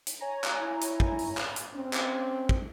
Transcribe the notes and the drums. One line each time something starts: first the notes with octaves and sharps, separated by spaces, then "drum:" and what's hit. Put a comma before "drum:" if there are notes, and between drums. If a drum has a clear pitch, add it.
drum: hi-hat
C#5 G#5 A#5
drum: clap
E4
drum: hi-hat
drum: kick
drum: open hi-hat
drum: clap
drum: hi-hat
C4 C#4
drum: clap
drum: kick